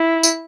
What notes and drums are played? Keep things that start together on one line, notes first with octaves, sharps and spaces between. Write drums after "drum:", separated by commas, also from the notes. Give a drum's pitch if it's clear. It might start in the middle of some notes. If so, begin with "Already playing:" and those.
Already playing: E4
drum: tambourine